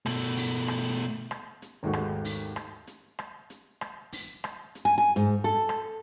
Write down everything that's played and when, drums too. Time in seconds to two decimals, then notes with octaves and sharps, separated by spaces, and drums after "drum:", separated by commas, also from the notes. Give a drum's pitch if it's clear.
0.06 B2 A3, drum: rim click
0.37 drum: open hi-hat
0.68 drum: rim click
1.00 drum: hi-hat
1.31 drum: rim click
1.62 drum: hi-hat
1.83 G#1 D#2 G#3 A3 F#4
1.93 drum: rim click
2.25 drum: open hi-hat
2.56 drum: rim click
2.87 drum: hi-hat
3.19 drum: rim click
3.50 drum: hi-hat
3.81 drum: rim click
4.13 drum: open hi-hat
4.44 drum: rim click
4.75 drum: hi-hat
4.85 G#5
4.98 G#5
5.16 G#2
5.44 A4
5.69 drum: rim click